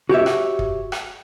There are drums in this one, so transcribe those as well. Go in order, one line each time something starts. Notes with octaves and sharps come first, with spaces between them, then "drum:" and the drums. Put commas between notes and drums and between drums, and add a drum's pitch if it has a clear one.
F#4 G4 C#5 E5
drum: rim click
drum: kick
drum: rim click